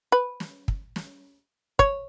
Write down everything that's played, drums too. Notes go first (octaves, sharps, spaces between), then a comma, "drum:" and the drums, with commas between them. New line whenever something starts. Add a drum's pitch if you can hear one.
B4
drum: snare
drum: kick
drum: snare
C#5, drum: kick